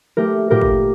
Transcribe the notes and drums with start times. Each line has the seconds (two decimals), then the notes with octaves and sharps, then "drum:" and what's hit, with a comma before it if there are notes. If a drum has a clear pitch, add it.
0.17 A3 G4 A#4
0.51 A#2 G4 A#4
0.61 drum: kick